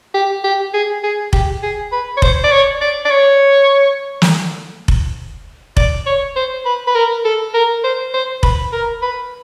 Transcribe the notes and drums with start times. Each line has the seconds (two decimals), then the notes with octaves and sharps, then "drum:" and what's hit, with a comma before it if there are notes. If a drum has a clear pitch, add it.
0.14 G4
0.44 G4
0.74 G#4
1.04 G#4
1.33 G4, drum: kick F1
1.63 G#4
1.92 B4
2.17 C#5
2.22 C5, drum: kick F1
2.44 D5
2.52 C#5
2.81 D5
3.05 D5
3.11 C#5
4.22 drum: snare
4.88 drum: kick F1
5.77 D5, drum: kick F1
6.06 C#5
6.36 C5
6.65 B4
6.87 B4
6.95 A#4
7.25 A4
7.54 A#4
7.84 C5
8.14 C5
8.43 B4, drum: kick F1
8.73 A#4
9.02 B4